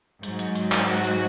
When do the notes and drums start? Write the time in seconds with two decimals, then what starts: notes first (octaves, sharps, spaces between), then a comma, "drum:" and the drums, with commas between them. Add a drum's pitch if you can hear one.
0.23 G#2 F#3, drum: hi-hat
0.39 drum: hi-hat
0.56 drum: hi-hat
0.72 drum: clap
0.88 F#4, drum: hi-hat
1.05 drum: hi-hat